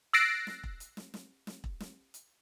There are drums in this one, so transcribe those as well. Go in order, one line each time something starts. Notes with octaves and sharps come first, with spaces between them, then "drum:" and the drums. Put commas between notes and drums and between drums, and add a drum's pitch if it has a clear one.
E6 F#6 A6 A#6 C7 D7, drum: hi-hat
drum: snare
drum: kick E1
drum: hi-hat
drum: snare
drum: snare
drum: snare
drum: kick E1
drum: snare
drum: hi-hat